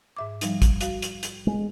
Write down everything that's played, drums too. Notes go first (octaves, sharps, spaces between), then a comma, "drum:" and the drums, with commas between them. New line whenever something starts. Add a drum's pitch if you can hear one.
G#2 E5 D6
F3 G3 D#4, drum: hi-hat
drum: kick, hi-hat
F#4 F5, drum: hi-hat
drum: hi-hat
drum: hi-hat
G#3